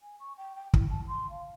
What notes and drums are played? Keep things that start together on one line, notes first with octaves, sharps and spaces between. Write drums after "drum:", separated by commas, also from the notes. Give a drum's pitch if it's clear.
G#5
C#6
G5
G5
E4, drum: kick
A5
C6
F5